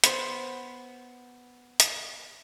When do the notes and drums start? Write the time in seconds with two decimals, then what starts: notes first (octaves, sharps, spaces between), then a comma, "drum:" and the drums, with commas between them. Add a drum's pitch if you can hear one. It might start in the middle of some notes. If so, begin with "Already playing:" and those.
0.04 B3 C5, drum: hi-hat
1.80 drum: hi-hat